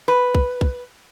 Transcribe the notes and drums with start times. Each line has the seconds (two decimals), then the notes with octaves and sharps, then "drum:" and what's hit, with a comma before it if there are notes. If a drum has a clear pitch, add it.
0.08 B4
0.35 drum: kick
0.61 drum: kick